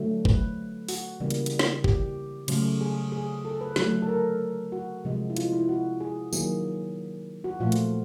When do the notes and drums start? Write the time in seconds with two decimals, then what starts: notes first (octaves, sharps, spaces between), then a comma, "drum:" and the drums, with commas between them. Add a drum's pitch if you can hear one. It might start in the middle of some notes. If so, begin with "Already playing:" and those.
Already playing: D3 F#3 A3
0.25 B4, drum: kick
0.89 F#4, drum: open hi-hat
1.20 C#3 E3 G3 A#3
1.30 drum: hi-hat
1.46 drum: hi-hat
1.59 drum: snare
1.84 G4, drum: kick
2.48 C#3 F#3 A3, drum: cymbal
2.81 G#4
3.12 G#4
3.45 A4
3.61 B4
3.76 D3 F#3 A3, drum: snare
4.02 A4
4.08 A#4
4.72 F#4
5.05 C3 F3 G#3
5.30 E4
5.37 F4, drum: hi-hat
5.53 E4
5.69 F#4
6.01 G#4
6.33 D#3 F#3 A#3 G#4, drum: tambourine
7.44 F#4
7.60 A#2 F3 A3 F4
7.72 drum: hi-hat